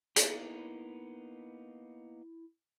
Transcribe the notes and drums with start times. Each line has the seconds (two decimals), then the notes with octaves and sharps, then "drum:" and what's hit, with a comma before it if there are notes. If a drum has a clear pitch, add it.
0.16 A#3 B3 D#4 E4, drum: hi-hat